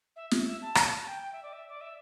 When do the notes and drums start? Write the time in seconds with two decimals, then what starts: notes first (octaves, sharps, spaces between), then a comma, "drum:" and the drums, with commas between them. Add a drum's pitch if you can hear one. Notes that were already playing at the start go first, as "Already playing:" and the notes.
0.16 E5
0.31 E5, drum: snare
0.46 E5
0.62 A5
0.75 drum: rim click
1.01 A5
1.07 G5
1.22 G5
1.32 E5
1.43 D5
1.53 E5
1.68 D5
1.81 E5